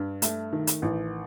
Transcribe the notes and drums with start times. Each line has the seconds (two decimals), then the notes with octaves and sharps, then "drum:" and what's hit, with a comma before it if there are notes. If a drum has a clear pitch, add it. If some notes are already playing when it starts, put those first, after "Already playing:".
Already playing: G2
0.22 A3, drum: hi-hat
0.53 D#3
0.67 drum: hi-hat
0.82 A1